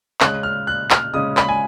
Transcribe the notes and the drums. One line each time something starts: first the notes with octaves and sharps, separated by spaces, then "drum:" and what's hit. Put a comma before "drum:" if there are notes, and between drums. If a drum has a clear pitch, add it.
C#3 G#3 C#4 F#6, drum: clap
F6
F#6
F6, drum: clap
C#3 G#3 C#4 D#6
B5, drum: clap
G#5